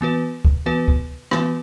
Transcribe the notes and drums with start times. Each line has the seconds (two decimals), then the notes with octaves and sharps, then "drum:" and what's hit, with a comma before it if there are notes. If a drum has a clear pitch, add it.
0.01 E3 B3 F#4 B4
0.45 drum: kick
0.66 E3 B3 F#4 B4
0.88 drum: kick
1.31 E3 B3 F#4 B4, drum: rim click